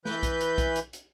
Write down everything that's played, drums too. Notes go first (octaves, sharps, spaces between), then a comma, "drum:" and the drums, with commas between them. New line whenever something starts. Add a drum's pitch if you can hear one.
E3 B4 G6, drum: snare
drum: kick B1, hi-hat
drum: hi-hat
drum: kick B1, hi-hat
drum: hi-hat
drum: hi-hat